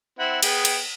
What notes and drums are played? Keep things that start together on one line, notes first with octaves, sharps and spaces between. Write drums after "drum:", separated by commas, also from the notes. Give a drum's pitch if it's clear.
C4 E4 F#5
B3 G#4 G5, drum: cymbal
drum: cymbal